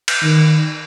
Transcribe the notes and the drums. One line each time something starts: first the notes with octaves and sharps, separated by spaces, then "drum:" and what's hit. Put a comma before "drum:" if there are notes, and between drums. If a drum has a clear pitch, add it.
drum: cymbal
D#3